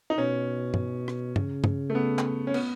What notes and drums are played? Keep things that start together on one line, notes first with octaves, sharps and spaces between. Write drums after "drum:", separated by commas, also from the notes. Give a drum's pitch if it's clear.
D#4
B2 C#4
drum: tom G2
drum: rim click
C#3, drum: tom G2
drum: tom G2
A3
B3
drum: clap
C#4
B3, drum: cymbal